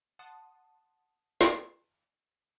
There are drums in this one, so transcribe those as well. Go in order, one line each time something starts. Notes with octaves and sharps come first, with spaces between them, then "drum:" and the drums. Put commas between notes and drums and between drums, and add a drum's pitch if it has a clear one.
F#5 A5 C6 D#6
drum: snare